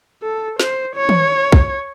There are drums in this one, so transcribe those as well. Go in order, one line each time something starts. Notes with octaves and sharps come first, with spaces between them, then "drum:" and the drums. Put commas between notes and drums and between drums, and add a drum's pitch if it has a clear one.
A4
C5, drum: snare
C#5
drum: tom
drum: kick